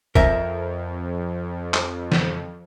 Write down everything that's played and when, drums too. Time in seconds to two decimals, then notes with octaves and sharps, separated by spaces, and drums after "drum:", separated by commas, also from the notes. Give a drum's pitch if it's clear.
0.15 F2 A#4 E5, drum: kick
1.74 drum: clap
2.12 drum: snare